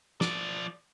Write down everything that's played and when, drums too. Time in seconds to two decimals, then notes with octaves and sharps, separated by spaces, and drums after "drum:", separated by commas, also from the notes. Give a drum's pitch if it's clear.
0.21 F3 D5, drum: snare